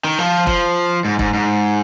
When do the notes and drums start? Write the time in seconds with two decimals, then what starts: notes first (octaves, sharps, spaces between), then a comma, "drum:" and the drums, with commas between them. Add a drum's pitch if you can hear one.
0.04 D#3
0.18 F3
0.47 F3, drum: kick
1.05 G#2
1.19 G#2, drum: kick
1.34 G#2